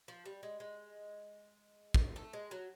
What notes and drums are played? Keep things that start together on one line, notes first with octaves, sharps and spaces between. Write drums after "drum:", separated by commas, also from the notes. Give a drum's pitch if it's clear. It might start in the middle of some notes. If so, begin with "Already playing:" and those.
F3
G3
G#3
G#3
drum: kick
A3
G#3
F#3